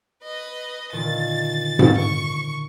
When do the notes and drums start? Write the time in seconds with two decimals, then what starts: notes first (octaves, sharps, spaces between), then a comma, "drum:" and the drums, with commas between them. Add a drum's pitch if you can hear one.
0.23 B4 D#5
0.92 A#2 D3 D#3 A6
1.79 drum: tom G#2
1.98 C#6